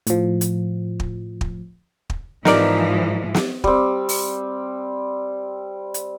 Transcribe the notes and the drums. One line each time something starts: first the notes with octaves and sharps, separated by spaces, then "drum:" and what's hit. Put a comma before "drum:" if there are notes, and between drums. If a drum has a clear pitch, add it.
A2 F3, drum: hi-hat
drum: hi-hat
drum: kick
drum: kick
drum: kick
G#2 E3 F3 D#4 A#4 D5, drum: snare
drum: snare
G3 C4, drum: kick
drum: open hi-hat
drum: hi-hat